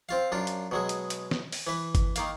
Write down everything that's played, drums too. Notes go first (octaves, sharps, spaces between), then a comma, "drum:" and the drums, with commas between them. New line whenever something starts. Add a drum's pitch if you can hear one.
C4 F4 F5
F#2 D4 F4
drum: hi-hat
B2 F#3 G#3
drum: hi-hat
drum: hi-hat
drum: snare
drum: open hi-hat
E3 B4
drum: kick G1, hi-hat
D#3 A#3 F5, drum: hi-hat